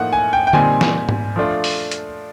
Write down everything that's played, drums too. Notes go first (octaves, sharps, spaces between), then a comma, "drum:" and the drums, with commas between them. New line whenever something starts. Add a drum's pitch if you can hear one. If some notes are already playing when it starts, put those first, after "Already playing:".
Already playing: A2 F3 A#3 D#4 F#5
G#5
G5
G5
A#2 G3 C4 D#4 G#5, drum: tom D3
drum: snare
drum: tom G#2
F3 A3 D4 F4
drum: open hi-hat
drum: hi-hat